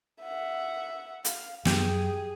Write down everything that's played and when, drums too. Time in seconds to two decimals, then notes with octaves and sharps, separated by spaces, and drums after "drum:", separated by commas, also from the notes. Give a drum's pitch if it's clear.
0.22 E5 F#5
1.25 F5, drum: hi-hat
1.65 F#2 F#3 G4 G#4 G5, drum: snare